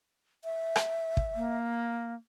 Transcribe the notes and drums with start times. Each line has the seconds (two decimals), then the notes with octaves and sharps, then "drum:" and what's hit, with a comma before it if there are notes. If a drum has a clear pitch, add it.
0.44 E5
0.76 drum: rim click
1.17 drum: kick
1.35 A#3